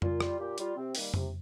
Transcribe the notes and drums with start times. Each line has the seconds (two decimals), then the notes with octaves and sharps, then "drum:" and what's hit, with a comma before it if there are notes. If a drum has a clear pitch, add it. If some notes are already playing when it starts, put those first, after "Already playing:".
0.02 A#2 F4, drum: tom F2
0.20 G3, drum: rim click
0.39 A#2 G4
0.58 G3 F4, drum: hi-hat
0.76 C3 C4
0.95 D#3 G3 A#3, drum: open hi-hat
1.14 C3, drum: tom F2